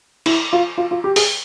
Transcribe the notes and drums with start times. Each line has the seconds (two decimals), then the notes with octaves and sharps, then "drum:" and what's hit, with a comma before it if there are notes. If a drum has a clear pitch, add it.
0.26 E4, drum: cymbal
0.53 F4
0.78 F4
0.91 F4
1.04 G4
1.16 G#4, drum: open hi-hat